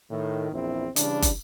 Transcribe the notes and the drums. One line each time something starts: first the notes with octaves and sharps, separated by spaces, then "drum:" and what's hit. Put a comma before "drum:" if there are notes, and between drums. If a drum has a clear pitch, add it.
A2 D#3
A#1 E2 C4 E4
C#3 E3 G3 D4, drum: hi-hat
drum: kick, hi-hat